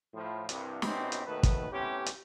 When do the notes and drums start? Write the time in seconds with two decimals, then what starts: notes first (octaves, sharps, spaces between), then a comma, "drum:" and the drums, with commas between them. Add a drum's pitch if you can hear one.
0.14 A2 F3
0.49 C2 G2, drum: hi-hat
0.82 B2 C4 C#4 D#4 E4 G4, drum: snare
1.12 drum: hi-hat
1.26 D#2 B2 D#3 A3 A4 B4
1.43 drum: kick, hi-hat
1.71 A2 C3 B3 C#4 G4
2.06 drum: hi-hat